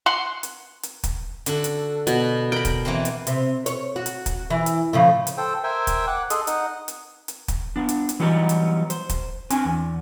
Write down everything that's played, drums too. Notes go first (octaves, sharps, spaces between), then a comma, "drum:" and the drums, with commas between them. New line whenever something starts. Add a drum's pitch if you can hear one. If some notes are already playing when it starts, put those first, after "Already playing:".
F#5 C6
drum: hi-hat
drum: hi-hat
drum: kick, hi-hat
D3 F#4 A4, drum: hi-hat
drum: hi-hat
B2, drum: hi-hat
A#4 G5 B5
drum: kick, hi-hat
E3 A#3 C4
drum: hi-hat
C3, drum: hi-hat
C#5, drum: hi-hat
F#4
drum: hi-hat
drum: kick, hi-hat
E3
drum: hi-hat
A2 C#3 F3
drum: hi-hat
A4 C5 G5
A#4 C5 E5 G5 G#5
drum: kick, hi-hat
F#5 D6 F#6
G#4 A4 D#5 C6 D#6, drum: hi-hat
D#4 D#5 F#5, drum: hi-hat
drum: hi-hat
drum: hi-hat
drum: kick, hi-hat
B3 D4
drum: hi-hat
drum: hi-hat
E3 F#3 G3 B3 D#4 G4
drum: hi-hat
C5, drum: hi-hat
drum: kick, hi-hat
C4 D4 G#5, drum: hi-hat
E2